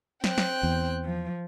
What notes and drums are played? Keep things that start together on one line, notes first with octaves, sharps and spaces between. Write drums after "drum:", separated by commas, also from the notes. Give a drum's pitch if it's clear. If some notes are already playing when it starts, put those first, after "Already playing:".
C4 G5 F#6, drum: snare
drum: snare
E2
F3